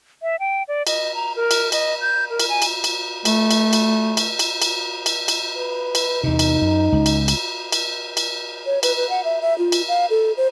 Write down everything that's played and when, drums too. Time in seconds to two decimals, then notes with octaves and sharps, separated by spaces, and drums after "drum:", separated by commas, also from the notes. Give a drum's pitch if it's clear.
0.22 E5
0.40 G5
0.68 D5
0.87 D#5, drum: cymbal
1.15 A#5
1.36 A#4
1.51 drum: cymbal
1.72 D#5, drum: cymbal
2.01 G6
2.30 A#4
2.40 drum: cymbal
2.49 G#5
2.62 drum: cymbal
2.84 drum: cymbal
3.25 A3, drum: cymbal
3.51 drum: cymbal
3.73 drum: cymbal
4.17 drum: cymbal
4.39 drum: cymbal
4.62 drum: cymbal
5.06 drum: cymbal
5.28 drum: cymbal
5.57 B4
5.95 drum: cymbal
6.24 E2 C3 D#4
6.39 drum: cymbal
6.62 F#2
6.92 C#2
7.06 drum: cymbal
7.28 drum: cymbal
7.72 drum: cymbal
8.17 drum: cymbal
8.66 C#5
8.83 B4, drum: cymbal
8.96 B4
9.09 F#5
9.24 E5
9.42 E5
9.58 F4
9.72 drum: cymbal
9.88 F5
10.10 A4
10.37 C5